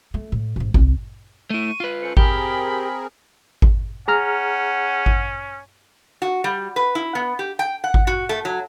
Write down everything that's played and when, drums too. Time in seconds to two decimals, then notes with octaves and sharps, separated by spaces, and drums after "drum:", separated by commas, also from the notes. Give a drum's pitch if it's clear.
0.14 A3
0.32 A2
0.56 A1 G#2
0.74 C2, drum: kick G#1
1.50 A3 E4 C#6 D#7
1.80 F4 B4
2.02 C#4 A4 C5 C#7
2.17 C4 G4 G#4 A#4 B5, drum: kick G#1
3.62 drum: kick G#1
4.08 C#4 G#4 F#5 A#5 F6
5.06 drum: kick G#1
6.22 F#4
6.44 G3
6.76 B4
6.95 E4
7.15 B3
7.39 G4
7.59 G5
7.84 F#5
7.94 drum: kick G#1
8.07 F#4
8.29 A3
8.45 F#3